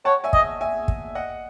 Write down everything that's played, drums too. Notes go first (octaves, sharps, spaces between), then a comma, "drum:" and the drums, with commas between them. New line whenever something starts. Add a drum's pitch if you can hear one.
C#5 F#5 A5
E5 G#5
D#5, drum: kick
E5 G#5
drum: kick
D#5 F#5